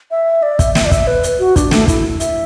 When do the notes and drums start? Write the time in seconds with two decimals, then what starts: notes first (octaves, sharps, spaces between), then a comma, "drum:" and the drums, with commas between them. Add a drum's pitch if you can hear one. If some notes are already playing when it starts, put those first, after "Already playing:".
0.11 E5
0.43 D5
0.59 E5, drum: kick, hi-hat
0.75 E5, drum: snare
0.86 D5
0.91 E5, drum: kick, hi-hat
1.07 B4
1.23 drum: hi-hat
1.39 F#4
1.56 D4, drum: kick, hi-hat
1.71 A3, drum: snare
1.88 E4, drum: kick, hi-hat
2.20 E5, drum: hi-hat